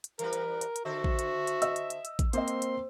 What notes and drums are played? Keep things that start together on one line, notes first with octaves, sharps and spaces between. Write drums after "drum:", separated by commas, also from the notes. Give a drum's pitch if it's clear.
drum: hi-hat
E3 G3 A#4 B4, drum: hi-hat
drum: hi-hat
drum: hi-hat
drum: hi-hat
D3 F#4 A4 C5 E5
drum: kick A1
drum: hi-hat
drum: hi-hat
D#5 E6, drum: hi-hat
drum: hi-hat
drum: hi-hat
drum: hi-hat
drum: kick A1, hi-hat
A#3 C4 C5 D#5 C6, drum: hi-hat
drum: hi-hat
drum: hi-hat